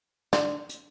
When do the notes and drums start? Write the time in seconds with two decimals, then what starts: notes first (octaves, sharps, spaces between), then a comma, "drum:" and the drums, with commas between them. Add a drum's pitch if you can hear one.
0.33 D3, drum: snare
0.69 drum: hi-hat